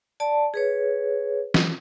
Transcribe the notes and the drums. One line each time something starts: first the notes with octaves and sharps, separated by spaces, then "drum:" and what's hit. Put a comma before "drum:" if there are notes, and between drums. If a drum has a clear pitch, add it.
D5 A5
G#4 B4 C#5
drum: snare